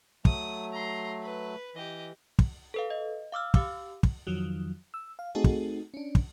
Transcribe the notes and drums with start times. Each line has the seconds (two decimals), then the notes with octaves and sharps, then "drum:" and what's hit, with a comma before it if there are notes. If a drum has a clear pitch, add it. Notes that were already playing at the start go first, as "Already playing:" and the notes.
0.25 F#3 A3 D#6, drum: kick
0.72 A#5 C6
1.22 B4
1.75 E3 G4 D#5
2.39 drum: kick
2.74 A4 B4 F5
2.90 D#5
3.32 F5 D6 E6 F6
3.54 G4 F5 D6 E6, drum: kick
4.03 drum: kick
4.27 F2 D#3 F3 F#3
4.94 E6
5.19 F5
5.35 A3 C4 D#4 F#4 G#4 A4
5.44 drum: kick
5.94 C#4 D4
6.15 drum: kick